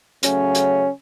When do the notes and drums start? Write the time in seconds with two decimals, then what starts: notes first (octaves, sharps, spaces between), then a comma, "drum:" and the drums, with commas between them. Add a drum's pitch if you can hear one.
0.23 C#3 F#3 A3 C#4, drum: hi-hat
0.55 drum: hi-hat